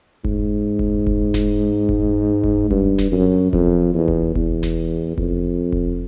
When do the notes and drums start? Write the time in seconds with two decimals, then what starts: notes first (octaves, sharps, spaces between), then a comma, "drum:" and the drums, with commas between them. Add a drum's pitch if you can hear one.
0.24 G#2, drum: kick F1
0.79 drum: kick F1
1.07 drum: kick F1
1.34 drum: snare E1
1.89 drum: kick F1
2.44 drum: kick F1
2.71 G2, drum: kick F1
2.98 drum: snare E1
3.12 F#2
3.53 F2, drum: kick F1
3.94 E2
4.08 drum: kick F1
4.35 E2, drum: kick F1
4.63 drum: snare E1
5.18 F2, drum: kick F1
5.72 drum: kick F1